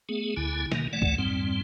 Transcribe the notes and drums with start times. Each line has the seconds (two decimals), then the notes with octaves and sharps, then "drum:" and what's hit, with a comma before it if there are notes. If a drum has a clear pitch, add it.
0.09 A3 B3 G#4
0.37 D2 D3 E4 G#5
0.72 B2 D#3 A#3, drum: snare
0.93 E3 A3 D5 F#5
1.02 drum: kick C#2
1.18 F2 G#2 G3 C4